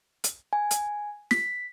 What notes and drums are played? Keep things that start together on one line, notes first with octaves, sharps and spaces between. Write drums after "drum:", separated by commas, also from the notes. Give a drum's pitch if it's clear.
drum: hi-hat
G#5
drum: hi-hat
B6, drum: snare